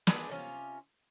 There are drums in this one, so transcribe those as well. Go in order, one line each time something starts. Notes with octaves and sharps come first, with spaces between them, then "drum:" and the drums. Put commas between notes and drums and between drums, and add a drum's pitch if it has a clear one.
G#3 D4 B4 D5, drum: snare
C3 C#4 F4